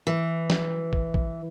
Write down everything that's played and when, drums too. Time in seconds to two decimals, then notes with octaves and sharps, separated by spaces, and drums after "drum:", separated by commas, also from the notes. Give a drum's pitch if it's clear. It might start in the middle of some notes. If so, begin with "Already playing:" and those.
0.07 E3
0.50 drum: snare
0.93 drum: kick
1.14 drum: kick